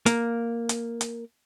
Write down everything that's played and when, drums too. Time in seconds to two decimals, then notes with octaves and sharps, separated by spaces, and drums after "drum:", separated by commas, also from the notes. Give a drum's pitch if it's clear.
0.06 A#3, drum: hi-hat
0.69 drum: hi-hat
1.01 drum: hi-hat